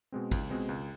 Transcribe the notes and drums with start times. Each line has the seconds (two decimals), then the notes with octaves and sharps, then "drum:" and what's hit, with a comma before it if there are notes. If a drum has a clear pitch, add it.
0.12 B2 G#3 C4
0.32 C#2, drum: kick, cymbal
0.50 B2 G#3 C4
0.69 C#2